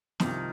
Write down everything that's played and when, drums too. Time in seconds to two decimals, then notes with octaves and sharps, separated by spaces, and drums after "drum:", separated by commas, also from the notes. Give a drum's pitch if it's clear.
0.20 C2 C3 D#3 F3 C4 F4, drum: snare